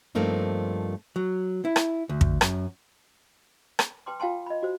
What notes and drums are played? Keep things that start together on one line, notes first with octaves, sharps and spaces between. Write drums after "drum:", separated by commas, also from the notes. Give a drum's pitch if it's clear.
G2 F3 A3 A#3 C4 D#4
F#3
E4
drum: rim click
D2
drum: kick
F#2, drum: rim click
drum: rim click
B4 G5 A5 C6 D6
F4 F5 G5 A5 C6
D#5 B5
F#4 C5